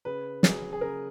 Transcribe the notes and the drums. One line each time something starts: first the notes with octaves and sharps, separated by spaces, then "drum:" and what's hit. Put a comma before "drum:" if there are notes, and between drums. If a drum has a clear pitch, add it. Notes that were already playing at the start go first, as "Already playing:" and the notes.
C#3 B4
F#3 G#4, drum: snare
G#4
C#3 A#4